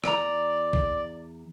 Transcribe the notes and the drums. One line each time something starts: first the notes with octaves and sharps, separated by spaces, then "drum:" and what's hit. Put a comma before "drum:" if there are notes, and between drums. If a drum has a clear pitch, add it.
E2 D5 A#5, drum: rim click
drum: kick A1